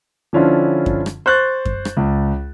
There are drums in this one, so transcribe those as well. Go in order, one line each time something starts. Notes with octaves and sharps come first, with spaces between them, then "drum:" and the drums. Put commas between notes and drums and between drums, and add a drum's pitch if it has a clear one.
D3 F3 C#4 D4 E4 F4
drum: kick F#2
drum: rim click
C5 C#6 F#6 A6
drum: kick F#2
drum: rim click
C#2